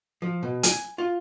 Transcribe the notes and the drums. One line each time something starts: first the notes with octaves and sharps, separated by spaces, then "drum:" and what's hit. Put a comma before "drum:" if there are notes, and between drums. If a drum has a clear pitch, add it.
F3
B2
G#5, drum: hi-hat
F4